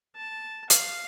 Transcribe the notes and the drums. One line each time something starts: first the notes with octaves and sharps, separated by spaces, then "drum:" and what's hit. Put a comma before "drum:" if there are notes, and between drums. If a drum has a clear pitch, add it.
A5
F5, drum: hi-hat